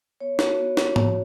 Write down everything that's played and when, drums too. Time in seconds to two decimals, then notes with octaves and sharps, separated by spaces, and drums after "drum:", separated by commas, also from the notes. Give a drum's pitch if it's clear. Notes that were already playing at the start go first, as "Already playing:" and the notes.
0.20 B3 C#5
0.39 F#4 C#5, drum: snare
0.59 B3
0.77 F#4, drum: snare
0.96 B3, drum: tom G#2